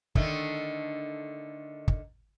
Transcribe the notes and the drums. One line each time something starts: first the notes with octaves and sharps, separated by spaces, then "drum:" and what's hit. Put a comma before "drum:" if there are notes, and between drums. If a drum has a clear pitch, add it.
D3 D#3 A3, drum: kick
drum: kick